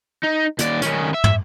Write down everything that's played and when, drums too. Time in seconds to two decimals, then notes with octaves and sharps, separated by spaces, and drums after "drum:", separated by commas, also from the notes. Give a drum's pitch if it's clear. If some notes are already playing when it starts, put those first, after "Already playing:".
0.23 D#4
0.59 D#2 D5, drum: hi-hat
0.82 D#3 C#4, drum: hi-hat
1.14 E5
1.24 drum: tom